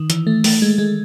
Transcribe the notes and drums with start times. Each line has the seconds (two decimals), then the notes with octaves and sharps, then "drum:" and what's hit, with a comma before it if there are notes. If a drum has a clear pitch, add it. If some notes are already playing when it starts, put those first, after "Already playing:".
Already playing: D#3
0.10 E3, drum: hi-hat
0.27 A3
0.44 A3, drum: open hi-hat
0.62 G#3
0.78 G#3